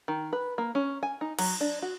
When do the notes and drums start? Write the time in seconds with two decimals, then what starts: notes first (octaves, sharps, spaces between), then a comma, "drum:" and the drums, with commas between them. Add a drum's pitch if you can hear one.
0.08 D#3
0.33 B4
0.58 A#3
0.75 C#4
1.03 G#5
1.21 D#4
1.39 F#3, drum: cymbal
1.61 D4
1.82 F#4